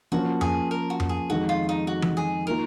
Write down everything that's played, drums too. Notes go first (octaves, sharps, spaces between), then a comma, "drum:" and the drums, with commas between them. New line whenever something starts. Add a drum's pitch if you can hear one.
F3 A#3 C#4 F#4
G#4, drum: tom F2
A#4
F#4
drum: tom F2
G#4
F2 D#3 G#3 F#4
F4
D#4
F#4
drum: tom E3
G#4
D#3 A#3 F4 A#4